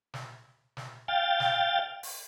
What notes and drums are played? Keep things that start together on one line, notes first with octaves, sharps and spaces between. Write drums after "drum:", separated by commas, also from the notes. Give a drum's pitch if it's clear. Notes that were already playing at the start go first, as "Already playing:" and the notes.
drum: snare
drum: snare
F5 G5 A6
drum: snare
drum: open hi-hat